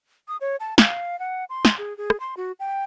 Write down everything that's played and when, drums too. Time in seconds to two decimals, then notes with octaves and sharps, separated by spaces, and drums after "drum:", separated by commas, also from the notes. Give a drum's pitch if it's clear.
0.28 D#6
0.41 C#5
0.60 A5
0.78 F5, drum: snare
1.19 F#5
1.50 C6
1.65 drum: snare
1.78 G#4
1.98 G#4
2.10 drum: rim click
2.20 C6
2.37 F#4
2.60 G5